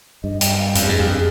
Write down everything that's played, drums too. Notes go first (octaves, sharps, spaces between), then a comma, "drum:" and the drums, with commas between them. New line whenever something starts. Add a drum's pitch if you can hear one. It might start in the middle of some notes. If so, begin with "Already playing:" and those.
G2 D#5
G5, drum: hi-hat
F5
F2 F5, drum: hi-hat
G4
G2 G#4
F2 G4
G#4